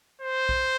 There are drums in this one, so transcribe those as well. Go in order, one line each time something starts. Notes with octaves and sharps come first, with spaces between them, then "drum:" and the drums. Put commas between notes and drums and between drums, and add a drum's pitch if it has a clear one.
C5
drum: kick